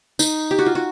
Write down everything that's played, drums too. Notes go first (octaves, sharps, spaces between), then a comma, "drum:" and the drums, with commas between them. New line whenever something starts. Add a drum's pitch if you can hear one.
D#4, drum: tambourine
G4
F#4
F4
F#4